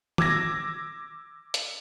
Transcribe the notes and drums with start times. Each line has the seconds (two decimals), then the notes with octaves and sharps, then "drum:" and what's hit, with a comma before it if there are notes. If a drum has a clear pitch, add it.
0.18 D6 E6 G#6 A#6, drum: tom
1.54 drum: hi-hat